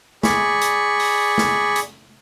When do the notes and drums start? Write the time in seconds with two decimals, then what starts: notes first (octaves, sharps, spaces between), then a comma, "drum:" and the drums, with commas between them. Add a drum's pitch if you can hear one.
0.23 G#4 D5 B5 C#6, drum: snare
0.61 drum: hi-hat
1.00 drum: open hi-hat
1.38 drum: snare
1.76 drum: hi-hat